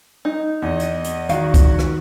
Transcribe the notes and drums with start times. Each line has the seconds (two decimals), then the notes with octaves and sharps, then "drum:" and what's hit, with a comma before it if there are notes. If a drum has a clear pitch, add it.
0.25 D#4
0.62 E2 D#5
0.80 drum: hi-hat
1.04 drum: hi-hat
1.29 D#3 F#4 F5, drum: hi-hat
1.54 drum: kick, hi-hat
1.79 drum: rim click